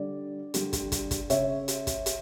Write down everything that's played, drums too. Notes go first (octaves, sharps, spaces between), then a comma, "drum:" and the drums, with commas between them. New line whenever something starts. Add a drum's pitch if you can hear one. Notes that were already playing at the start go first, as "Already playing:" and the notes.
Already playing: D3 G3 D5
D3 G3, drum: hi-hat
drum: kick, hi-hat
drum: kick, hi-hat
drum: kick, hi-hat
C#3 C#5 E5, drum: hi-hat
drum: hi-hat
drum: kick, hi-hat
drum: hi-hat